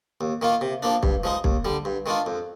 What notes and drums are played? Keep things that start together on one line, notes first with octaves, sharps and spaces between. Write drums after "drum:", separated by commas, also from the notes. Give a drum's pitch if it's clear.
D#2
D#3 A#3 F4
C3
F3 A#3 D4
G2, drum: kick
F3 G#3 D#4
D#2, drum: kick
D3 G3
G2
D#3 G#3 D4 F4
F2